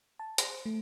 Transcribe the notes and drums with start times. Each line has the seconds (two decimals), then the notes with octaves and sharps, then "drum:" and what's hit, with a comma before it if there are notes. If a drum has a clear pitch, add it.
0.19 A5
0.38 C5, drum: hi-hat
0.66 A3